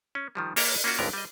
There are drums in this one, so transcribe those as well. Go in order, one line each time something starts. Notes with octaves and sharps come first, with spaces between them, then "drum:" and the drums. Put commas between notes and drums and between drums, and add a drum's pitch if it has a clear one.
C#4
D#3 F3 G3
A#3 A4 C#5 E5 G5 A#5, drum: open hi-hat
A#3 C#4 F4 F#4
G#1 C#2 G2 D3 B3 A#4
G3 D#5